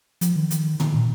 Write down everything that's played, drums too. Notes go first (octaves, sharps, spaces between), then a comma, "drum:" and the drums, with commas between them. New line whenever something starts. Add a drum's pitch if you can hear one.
F3, drum: hi-hat
D#3
drum: hi-hat
D#3, drum: tom
A#2